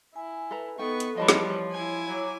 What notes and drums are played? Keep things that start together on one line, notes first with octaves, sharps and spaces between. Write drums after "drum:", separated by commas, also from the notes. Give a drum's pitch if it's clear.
E4 G#5
A4 B4 A#5
B3 D#4 A4 G5 C#6
drum: hi-hat
E3 F3 G3 C#5 D#5 A5 B5
drum: snare
E4 G#5
F#3 C#5 A#5 D6